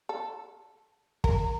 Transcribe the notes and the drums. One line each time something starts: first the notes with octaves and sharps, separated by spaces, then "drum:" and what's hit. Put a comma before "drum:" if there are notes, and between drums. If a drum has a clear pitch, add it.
A4
A#4, drum: kick